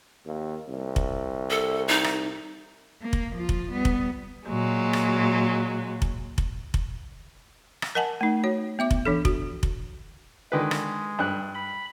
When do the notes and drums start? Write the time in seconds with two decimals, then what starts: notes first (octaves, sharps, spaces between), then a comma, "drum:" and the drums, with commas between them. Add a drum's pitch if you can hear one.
0.25 D#2
0.69 C2
0.96 drum: kick F1
1.50 A4
1.88 D#4
2.04 drum: rim click
3.02 A#3
3.13 drum: kick F1
3.36 F3 F4
3.49 drum: kick F1
3.73 G3 B3
3.85 drum: kick F1
4.47 A#2 F#3 G#3
4.93 drum: rim click
6.02 drum: kick F1
6.38 drum: kick F1
6.74 drum: kick F1
7.82 drum: rim click
7.95 A#4 D#5 F#5 G#5 A5
8.21 A3 D#4
8.44 F#4 C#5
8.79 B3 E5 D6
8.91 drum: kick F1
9.05 E3 D4 A4
9.25 F#4, drum: kick F1
9.63 drum: kick F1
10.52 D3 D#3 G#3 B4
10.71 drum: rim click
11.19 G2 D4 F#6
11.55 B5